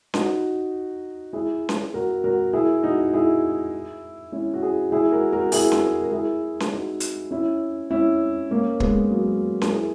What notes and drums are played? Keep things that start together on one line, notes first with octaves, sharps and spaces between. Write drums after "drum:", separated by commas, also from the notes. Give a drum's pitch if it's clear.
D#4 F#4, drum: snare C#4
E4 G#4
drum: snare C#4
F#4 A#4
F#4 A#4
E4 G#4
D#4 F#4
E4 G#4
C#4 E4
F#4
E4 G#4
E4 G#4
F#4 A#4
F#4 A#4
E4 G#4, drum: open hi-hat
drum: snare C#4
A#4
E4 G#4
drum: snare C#4
D#4 F#4
drum: hi-hat
C#4 E4
C#4 E4
A#3 C#4
G#3 B3, drum: kick
F#3 A#3
A#4, drum: snare C#4
E4 G#4